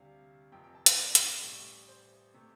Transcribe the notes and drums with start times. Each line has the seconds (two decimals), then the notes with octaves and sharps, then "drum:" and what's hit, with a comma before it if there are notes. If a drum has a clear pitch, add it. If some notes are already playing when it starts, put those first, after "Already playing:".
Already playing: D2 C3 G3 F5
0.52 F1 F2 C3 G5
0.64 G5
0.75 A5
0.86 G5, drum: hi-hat
0.98 D5
1.15 drum: hi-hat
1.43 A1 A2 G3
1.88 C5
2.34 C3 A3